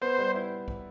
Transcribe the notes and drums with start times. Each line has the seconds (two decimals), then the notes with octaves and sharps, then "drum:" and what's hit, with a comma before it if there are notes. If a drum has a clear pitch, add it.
0.01 B3 C5
0.18 G3
0.35 E4
0.68 drum: kick B1